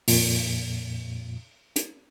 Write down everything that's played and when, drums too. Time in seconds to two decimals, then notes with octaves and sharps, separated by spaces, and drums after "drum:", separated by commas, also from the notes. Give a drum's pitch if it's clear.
0.08 F2 A#2, drum: open hi-hat
1.76 drum: hi-hat